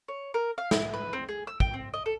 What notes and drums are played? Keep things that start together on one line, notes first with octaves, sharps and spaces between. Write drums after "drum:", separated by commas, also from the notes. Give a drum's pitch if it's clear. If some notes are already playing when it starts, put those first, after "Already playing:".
C#5
A#4
F5
E4, drum: snare
B4
C4
G#4
E6
G5, drum: kick
C4
D#5
A4